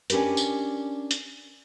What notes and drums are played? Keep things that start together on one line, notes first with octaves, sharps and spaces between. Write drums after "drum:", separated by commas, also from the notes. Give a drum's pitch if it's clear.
C#4 D4 G4 A#4 B4, drum: hi-hat
drum: tambourine
drum: hi-hat